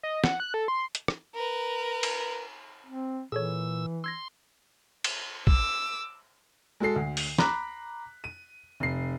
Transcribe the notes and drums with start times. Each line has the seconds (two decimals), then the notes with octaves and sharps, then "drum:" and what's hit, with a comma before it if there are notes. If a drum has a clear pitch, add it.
0.03 D#5
0.24 F#5, drum: snare
0.40 F#6
0.54 A4
0.68 C6
0.95 drum: hi-hat
1.08 drum: rim click
1.34 A#4 B4
2.03 drum: cymbal
2.87 C4
3.32 A#2 E3 G#4 A4 C#5 E6
4.04 C6 E6 G#6 A#6
5.04 drum: cymbal
5.47 D6 E6, drum: kick
6.80 G#3 F#4 A4 C7
6.96 D2
7.17 drum: open hi-hat
7.38 A#5 B5 D6 F#6 B6, drum: snare
8.24 D#7
8.80 F1 C7